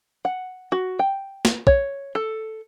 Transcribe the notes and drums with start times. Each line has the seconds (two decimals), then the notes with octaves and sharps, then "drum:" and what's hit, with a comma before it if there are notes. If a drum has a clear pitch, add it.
0.25 F#5
0.72 F#4
0.99 G5
1.45 drum: snare
1.67 C#5, drum: kick
2.15 A4